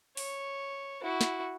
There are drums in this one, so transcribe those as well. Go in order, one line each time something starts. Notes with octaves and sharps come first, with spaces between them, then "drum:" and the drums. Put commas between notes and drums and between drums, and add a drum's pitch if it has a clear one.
C#5, drum: open hi-hat
E4 F#4
drum: snare